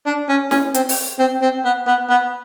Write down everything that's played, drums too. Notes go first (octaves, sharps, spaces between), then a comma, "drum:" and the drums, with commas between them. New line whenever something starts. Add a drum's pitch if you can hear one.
D4
C#4
C#4, drum: snare
C4, drum: hi-hat
drum: open hi-hat
C4
C4
B3
B3
B3